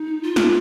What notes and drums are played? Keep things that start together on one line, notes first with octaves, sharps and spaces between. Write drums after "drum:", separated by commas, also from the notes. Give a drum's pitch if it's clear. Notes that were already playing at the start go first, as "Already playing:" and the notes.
Already playing: D#4
F4
drum: snare